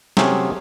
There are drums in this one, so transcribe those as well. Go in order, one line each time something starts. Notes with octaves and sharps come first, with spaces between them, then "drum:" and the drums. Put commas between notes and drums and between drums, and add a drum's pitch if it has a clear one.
C3 F#3 A3 C#4 G#4, drum: snare